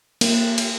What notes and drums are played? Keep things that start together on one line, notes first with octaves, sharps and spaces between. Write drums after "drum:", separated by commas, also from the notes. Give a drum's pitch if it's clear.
A#3, drum: cymbal
drum: cymbal